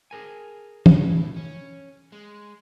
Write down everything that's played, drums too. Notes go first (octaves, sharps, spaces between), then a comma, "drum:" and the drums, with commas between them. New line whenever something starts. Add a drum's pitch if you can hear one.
G#4 A#4 G#5
A2 E4, drum: tom
C#4
G#3